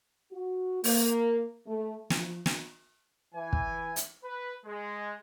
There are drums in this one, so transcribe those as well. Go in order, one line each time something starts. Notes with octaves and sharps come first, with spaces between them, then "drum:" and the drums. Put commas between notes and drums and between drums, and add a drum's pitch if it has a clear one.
F#4
A#3, drum: open hi-hat
A3
F3, drum: snare
drum: snare
E3 G#5
drum: kick
drum: hi-hat
B4
G#3